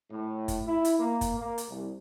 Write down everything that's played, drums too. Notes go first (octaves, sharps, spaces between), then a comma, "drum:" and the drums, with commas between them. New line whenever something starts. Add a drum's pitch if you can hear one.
A2
drum: kick, hi-hat
E4
drum: hi-hat
A#3
drum: kick, hi-hat
A#3
drum: hi-hat
C2